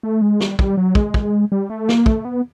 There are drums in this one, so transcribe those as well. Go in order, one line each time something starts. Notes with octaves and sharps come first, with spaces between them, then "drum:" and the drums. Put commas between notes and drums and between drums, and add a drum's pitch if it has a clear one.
A3
G#3
G3, drum: snare
G3, drum: kick
F#3
G#3, drum: kick
drum: kick
G3
A3
A#3, drum: snare
A3, drum: kick
B3